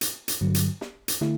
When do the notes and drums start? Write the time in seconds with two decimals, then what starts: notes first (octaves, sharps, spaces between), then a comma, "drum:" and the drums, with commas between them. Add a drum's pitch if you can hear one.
0.01 drum: hi-hat
0.28 drum: hi-hat
0.41 G2 D3 F#3
0.54 drum: hi-hat
0.81 drum: snare
1.08 drum: hi-hat
1.21 D3 A3 E4, drum: snare